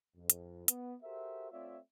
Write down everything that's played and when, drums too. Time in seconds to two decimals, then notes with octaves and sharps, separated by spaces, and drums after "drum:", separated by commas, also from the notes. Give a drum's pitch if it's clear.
0.17 F2
0.30 drum: hi-hat
0.68 B3, drum: hi-hat
1.03 F#4 G4 A4 A#4 C5 E5
1.52 A3 C4 F4 C#5 D5 E5